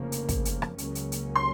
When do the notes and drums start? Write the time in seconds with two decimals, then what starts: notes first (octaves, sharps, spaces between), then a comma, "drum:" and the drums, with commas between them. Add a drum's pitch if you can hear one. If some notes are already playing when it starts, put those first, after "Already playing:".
Already playing: F1 F2 C#3 F3 A#3
0.12 drum: hi-hat
0.29 drum: kick, hi-hat
0.45 drum: hi-hat
0.62 drum: rim click
0.78 C#2 C#3 F#3 A#3 C#4, drum: hi-hat
0.95 drum: hi-hat
1.12 drum: hi-hat
1.36 C6